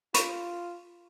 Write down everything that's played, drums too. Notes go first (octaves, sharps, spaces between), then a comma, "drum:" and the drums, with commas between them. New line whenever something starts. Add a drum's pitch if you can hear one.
F4 B5 C#6, drum: hi-hat